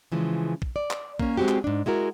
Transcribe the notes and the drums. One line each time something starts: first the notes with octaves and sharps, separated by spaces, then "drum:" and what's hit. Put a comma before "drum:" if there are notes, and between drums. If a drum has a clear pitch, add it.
C#3 E3 F3 G#3
drum: kick
D5
drum: clap
A#3 C#4, drum: kick
G#3 C4 D#4 F#4 G4
drum: clap
G#2 D4
G#3 E4 F#4 A#4